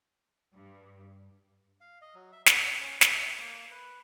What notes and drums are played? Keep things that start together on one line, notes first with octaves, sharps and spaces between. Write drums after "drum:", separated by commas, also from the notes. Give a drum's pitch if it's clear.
G2
F5
D#5
F#3
E5
F#5, drum: snare
C#4
E5, drum: snare
A#3
B4